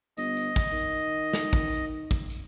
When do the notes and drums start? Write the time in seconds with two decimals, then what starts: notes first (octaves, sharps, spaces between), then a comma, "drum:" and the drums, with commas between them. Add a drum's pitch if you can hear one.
0.18 G1 D#5, drum: tambourine
0.37 drum: tambourine
0.56 drum: kick, tambourine
0.72 D#3
1.33 drum: snare
1.53 drum: kick, tambourine
1.72 drum: tambourine
2.11 drum: kick, tambourine
2.30 drum: tambourine